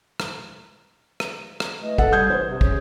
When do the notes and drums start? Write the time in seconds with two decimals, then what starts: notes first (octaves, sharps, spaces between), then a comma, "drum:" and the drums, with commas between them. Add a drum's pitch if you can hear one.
0.20 drum: rim click
1.20 drum: rim click
1.60 drum: rim click
1.81 E3 A3 D#5
1.98 A4 F#5, drum: kick
2.12 G3 D#6 G6 G#6
2.30 E3 C5
2.49 C3
2.61 C#4 G#4, drum: kick